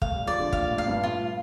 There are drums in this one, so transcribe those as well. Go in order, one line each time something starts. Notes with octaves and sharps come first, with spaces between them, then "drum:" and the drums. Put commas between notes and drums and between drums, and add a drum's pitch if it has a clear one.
A3 F5, drum: kick
G3
F3 D5
D3
A#2 F5, drum: kick
A2
F5
G2
A2 F4